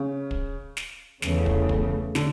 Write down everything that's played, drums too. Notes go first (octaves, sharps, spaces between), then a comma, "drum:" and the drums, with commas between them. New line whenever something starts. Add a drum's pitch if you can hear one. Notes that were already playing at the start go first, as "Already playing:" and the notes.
Already playing: C#3
drum: kick
drum: snare
E2 C#3 E3 A3, drum: snare
drum: kick
drum: kick
D3, drum: snare